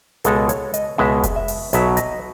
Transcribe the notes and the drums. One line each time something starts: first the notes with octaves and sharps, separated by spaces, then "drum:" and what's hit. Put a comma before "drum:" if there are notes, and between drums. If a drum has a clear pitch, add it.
C#2 B2 G#3 A4, drum: hi-hat
C#5, drum: hi-hat
D#5, drum: hi-hat
C#2 B2 G#3 E5
drum: kick F1, hi-hat
E5
drum: open hi-hat
B1 B2 F#3 E5, drum: hi-hat
D#5, drum: hi-hat